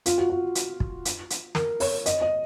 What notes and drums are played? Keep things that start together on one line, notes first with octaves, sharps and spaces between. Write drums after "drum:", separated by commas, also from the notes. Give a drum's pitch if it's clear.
F4, drum: hi-hat
F#4
F#4
drum: hi-hat
drum: kick
drum: hi-hat
drum: hi-hat
A#4, drum: snare
C#5, drum: open hi-hat
D#5, drum: hi-hat
D#5